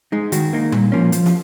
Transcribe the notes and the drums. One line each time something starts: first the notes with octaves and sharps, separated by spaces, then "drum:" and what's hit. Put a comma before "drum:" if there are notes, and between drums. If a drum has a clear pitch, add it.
G#3 D#4
D#3 F#4, drum: hi-hat
A#3 D#4
A#2, drum: tom G3
F3 A#3 C#4
F3, drum: hi-hat
drum: snare